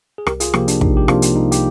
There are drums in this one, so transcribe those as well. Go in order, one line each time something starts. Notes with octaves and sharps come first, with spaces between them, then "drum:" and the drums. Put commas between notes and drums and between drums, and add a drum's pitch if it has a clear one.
G#4
C2 G4 A#4, drum: rim click
F4 G#4, drum: hi-hat
C3 F3 A#3 G4 A#4, drum: rim click
D4, drum: hi-hat
C2 D#4, drum: kick
G4
C3 F3 A#3 D4 F4, drum: rim click
drum: hi-hat
C2 D#4
G4, drum: hi-hat